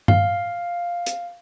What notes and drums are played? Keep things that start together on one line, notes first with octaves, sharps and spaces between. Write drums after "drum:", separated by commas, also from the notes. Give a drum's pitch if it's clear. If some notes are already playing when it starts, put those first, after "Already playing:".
F5, drum: tom G2
drum: hi-hat